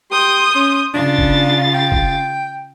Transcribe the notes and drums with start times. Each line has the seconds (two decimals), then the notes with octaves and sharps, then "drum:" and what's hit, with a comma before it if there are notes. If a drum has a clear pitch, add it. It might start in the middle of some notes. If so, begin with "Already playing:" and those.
0.11 G4 C6 D#6 G6
0.55 C#4
0.94 C#3 D4 F4 A6
1.18 drum: kick
1.74 G5
1.92 drum: kick